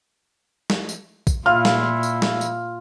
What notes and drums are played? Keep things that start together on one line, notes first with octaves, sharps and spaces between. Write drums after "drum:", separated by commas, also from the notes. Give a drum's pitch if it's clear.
drum: snare
drum: tambourine
drum: kick A#1, tambourine
A#2 E4 F4 F5 F6
drum: snare
drum: tambourine
drum: snare
drum: tambourine